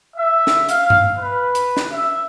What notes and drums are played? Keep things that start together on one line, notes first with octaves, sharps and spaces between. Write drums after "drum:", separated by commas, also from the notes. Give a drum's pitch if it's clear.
E5
drum: snare
F5, drum: hi-hat
drum: tom G2
B4
drum: hi-hat
drum: snare
E5